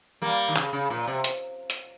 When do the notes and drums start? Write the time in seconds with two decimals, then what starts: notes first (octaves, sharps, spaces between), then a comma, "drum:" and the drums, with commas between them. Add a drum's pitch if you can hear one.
0.22 G3 A#3
0.48 D#3
0.56 C#3, drum: clap
0.73 C#3
0.90 A#2
1.08 C3
1.24 drum: hi-hat
1.70 drum: hi-hat